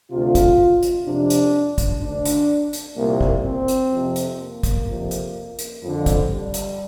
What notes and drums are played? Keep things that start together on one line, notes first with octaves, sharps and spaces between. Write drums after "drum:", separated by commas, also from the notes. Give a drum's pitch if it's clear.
D2 C3 F4
drum: kick, hi-hat
drum: hi-hat
F2 C3 D4
drum: hi-hat
drum: kick, hi-hat
D2 D3 D4
drum: hi-hat
drum: hi-hat
C2 A#2 A#3
drum: kick
C4
drum: hi-hat
F2 C3
drum: hi-hat
A#3
drum: kick, hi-hat
F2 C3
drum: hi-hat
drum: hi-hat
F2 D3
drum: kick, hi-hat
G3
drum: hi-hat